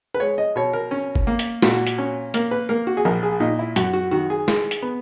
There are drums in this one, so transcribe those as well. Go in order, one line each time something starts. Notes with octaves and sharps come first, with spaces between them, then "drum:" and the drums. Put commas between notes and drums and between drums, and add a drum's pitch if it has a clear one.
B4
G#3 C#5
D#5
B2 C#5
A#4
C#4
drum: kick
A#3
drum: hi-hat
A#2 F#4, drum: snare
drum: hi-hat
C#4
A#3 A#4, drum: hi-hat
B4
A#3 A#4
F#4
G#4
A#1 A#4
G#4
A#2 D#4
E4
F#2 F#4, drum: hi-hat
F#4
D#3 F#4
G#4
G#3, drum: snare
drum: hi-hat
B3